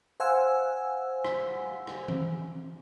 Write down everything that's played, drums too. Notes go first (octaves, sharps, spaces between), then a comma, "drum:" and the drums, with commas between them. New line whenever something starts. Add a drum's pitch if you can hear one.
C5 F5 F#5 G#5 E6
drum: rim click
drum: rim click
drum: tom E3